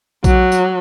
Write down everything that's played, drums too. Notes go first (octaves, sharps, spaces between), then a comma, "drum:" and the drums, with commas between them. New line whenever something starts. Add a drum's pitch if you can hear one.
F#3, drum: kick A#1, tambourine
drum: tambourine